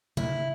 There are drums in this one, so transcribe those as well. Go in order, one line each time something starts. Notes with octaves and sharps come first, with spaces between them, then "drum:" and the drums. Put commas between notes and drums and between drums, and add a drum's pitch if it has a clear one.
E4, drum: tom C3